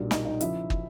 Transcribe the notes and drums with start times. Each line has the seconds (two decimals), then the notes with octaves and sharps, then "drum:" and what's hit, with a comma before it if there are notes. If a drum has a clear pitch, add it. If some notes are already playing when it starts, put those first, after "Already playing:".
Already playing: B1 A#2 G3 D4
0.11 D#4 D#5, drum: snare
0.25 D#4 D#5
0.41 C#3 F3 E4 E5, drum: hi-hat
0.70 drum: kick